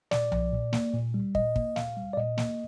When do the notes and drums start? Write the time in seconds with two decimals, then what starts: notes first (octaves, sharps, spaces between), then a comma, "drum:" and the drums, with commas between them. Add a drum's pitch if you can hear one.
0.11 A#2 D5, drum: snare
0.32 F3, drum: tom B1
0.52 A#2
0.73 A#3, drum: snare
0.94 A#2
1.14 G3
1.35 A#2 D#5, drum: kick
1.56 A#3, drum: kick
1.76 A#2 F5, drum: snare
1.97 G3
2.13 D5
2.17 A#2 D#5
2.38 A#3, drum: snare